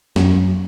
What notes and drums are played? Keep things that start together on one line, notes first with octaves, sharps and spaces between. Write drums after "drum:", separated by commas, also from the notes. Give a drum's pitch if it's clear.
F#2, drum: snare